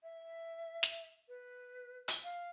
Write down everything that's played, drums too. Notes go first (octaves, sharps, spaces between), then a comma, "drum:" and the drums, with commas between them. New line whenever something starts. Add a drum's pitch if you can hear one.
E5
drum: snare
B4
drum: hi-hat
F5